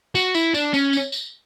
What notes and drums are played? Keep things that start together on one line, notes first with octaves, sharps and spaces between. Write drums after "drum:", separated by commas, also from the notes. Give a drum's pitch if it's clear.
F#4, drum: tambourine
E4, drum: tambourine
D4, drum: tambourine
C#4, drum: tambourine
drum: tambourine
drum: tambourine